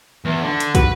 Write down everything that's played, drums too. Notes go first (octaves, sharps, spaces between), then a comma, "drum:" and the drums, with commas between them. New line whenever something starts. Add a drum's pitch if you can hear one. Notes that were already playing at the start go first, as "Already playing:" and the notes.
E2
D3
drum: hi-hat
F#4 B4, drum: kick, hi-hat